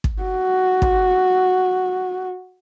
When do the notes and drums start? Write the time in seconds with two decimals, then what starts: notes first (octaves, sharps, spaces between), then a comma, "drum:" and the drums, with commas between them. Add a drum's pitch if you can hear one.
0.04 drum: kick
0.22 F#4
0.82 drum: kick